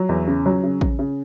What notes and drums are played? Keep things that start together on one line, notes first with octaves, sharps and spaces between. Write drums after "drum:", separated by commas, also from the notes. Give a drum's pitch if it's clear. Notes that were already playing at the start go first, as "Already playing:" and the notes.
Already playing: F#3
E2
C#3
F#3
C#3
C#3, drum: kick A1
C#3